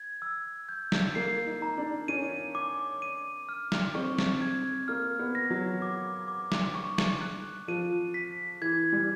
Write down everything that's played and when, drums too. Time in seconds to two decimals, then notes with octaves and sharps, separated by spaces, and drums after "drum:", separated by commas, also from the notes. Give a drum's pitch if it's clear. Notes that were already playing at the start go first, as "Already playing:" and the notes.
Already playing: G#6
0.22 E6
0.69 G6
0.92 drum: snare
1.15 A#3 C7
1.46 D#4
1.62 A#5
1.78 D4
2.08 C#4 D#7
2.55 D6
3.02 D#7
3.49 F6
3.72 drum: snare
3.95 C4 C#6
4.19 drum: snare
4.42 G#6
4.88 A#3 F6
5.19 B3
5.35 A#6
5.50 F#3
5.82 D6
6.28 D6
6.52 drum: snare
6.75 C#6
6.98 drum: snare
7.21 F#6
7.68 F3 D#7
8.14 B6
8.62 E3 G#6
8.93 G3